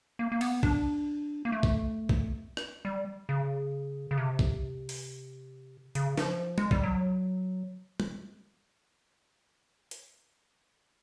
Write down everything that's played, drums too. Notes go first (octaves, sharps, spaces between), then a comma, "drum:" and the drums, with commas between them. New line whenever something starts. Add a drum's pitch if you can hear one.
A#3
A#3
B3, drum: cymbal
D4, drum: kick B1
A#3
A3
drum: kick B1
drum: kick B1
drum: rim click
G3
C#3
C#3
C3
drum: kick B1
drum: open hi-hat
C#3, drum: hi-hat
F3, drum: snare
G#3, drum: tom
G3, drum: kick B1
F#3
drum: tom
drum: hi-hat